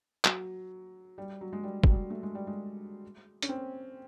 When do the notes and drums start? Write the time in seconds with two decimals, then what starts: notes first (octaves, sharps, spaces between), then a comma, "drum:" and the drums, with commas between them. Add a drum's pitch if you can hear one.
0.25 F#3, drum: clap
1.18 G3
1.41 F#3
1.53 G#3
1.64 G3
1.84 F#3, drum: kick
1.87 G3
2.10 A3
2.23 G#3
2.35 G3
2.47 G#3
3.42 C#4, drum: hi-hat
3.49 C4